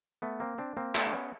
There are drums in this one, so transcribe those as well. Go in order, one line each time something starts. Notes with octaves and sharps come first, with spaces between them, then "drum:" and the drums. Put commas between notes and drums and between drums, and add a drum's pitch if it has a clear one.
A3 B3
A#3 C4
C4 D4
A#3 C4
A3 B3, drum: clap
D4
B3 C#4